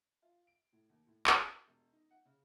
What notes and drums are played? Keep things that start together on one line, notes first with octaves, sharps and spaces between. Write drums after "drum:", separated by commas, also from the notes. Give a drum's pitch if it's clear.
F4
D7
A2
D#2
A2
E3, drum: clap
G6
E1
D#4
F#5
C#3